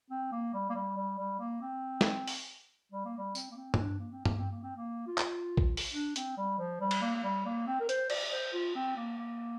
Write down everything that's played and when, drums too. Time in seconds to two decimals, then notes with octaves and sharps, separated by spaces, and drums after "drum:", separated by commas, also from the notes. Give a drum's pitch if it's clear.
0.10 C4
0.32 A#3
0.54 G3
0.70 A#3
0.75 G3
0.97 G3
1.18 G3
1.39 A#3
1.62 C4
2.01 drum: snare
2.28 drum: open hi-hat
2.92 G3
3.05 A#3
3.18 G3
3.35 C4, drum: tambourine
3.51 A#3
3.56 C4
3.74 F4, drum: tom
3.78 D4
3.99 A#3
4.12 C4
4.25 A#3, drum: tom G2
4.38 C4
4.51 A#3
4.63 C4
4.76 A#3
5.07 F4
5.18 drum: clap
5.57 drum: kick A#1
5.77 drum: open hi-hat
5.94 D4
6.16 C4, drum: hi-hat
6.37 G3
6.59 F3
6.81 G3
6.91 drum: cymbal
7.02 A#3
7.16 A#3
7.23 G3
7.46 A#3
7.67 C4
7.81 A#4
7.89 C5, drum: hi-hat
8.10 D5, drum: cymbal
8.32 C5
8.53 F4
8.75 C4
8.96 A#3
9.18 A#3